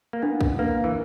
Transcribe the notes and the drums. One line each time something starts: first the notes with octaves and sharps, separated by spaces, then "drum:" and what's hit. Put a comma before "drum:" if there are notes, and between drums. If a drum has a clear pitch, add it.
A#3
B3 D4
drum: kick
A#3 B4
E3